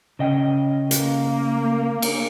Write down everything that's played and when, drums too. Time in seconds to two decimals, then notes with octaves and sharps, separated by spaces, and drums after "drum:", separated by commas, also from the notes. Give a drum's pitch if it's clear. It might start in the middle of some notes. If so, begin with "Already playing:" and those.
0.19 C#3 D#5 G5
0.91 A#3, drum: hi-hat
2.02 drum: cymbal